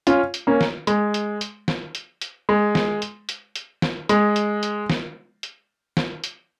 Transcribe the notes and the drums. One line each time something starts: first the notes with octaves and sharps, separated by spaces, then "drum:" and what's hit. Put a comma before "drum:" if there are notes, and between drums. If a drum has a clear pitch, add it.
C#4 F4, drum: hi-hat
drum: hi-hat
A#3 C#4
drum: snare
G#3, drum: hi-hat
drum: hi-hat
drum: hi-hat
drum: snare
drum: hi-hat
drum: hi-hat
G#3
drum: snare
drum: hi-hat
drum: hi-hat
drum: hi-hat
drum: snare
G#3, drum: hi-hat
drum: hi-hat
drum: hi-hat
drum: snare
drum: hi-hat
drum: snare
drum: hi-hat